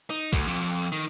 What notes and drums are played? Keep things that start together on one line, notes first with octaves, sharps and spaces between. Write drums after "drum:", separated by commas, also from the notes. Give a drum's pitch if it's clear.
D#4
D2, drum: kick
F2
D#3